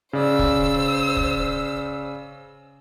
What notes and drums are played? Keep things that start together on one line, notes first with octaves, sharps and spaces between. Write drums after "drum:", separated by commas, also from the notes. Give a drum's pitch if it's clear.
C#3 C5 D5 E6
drum: kick
drum: kick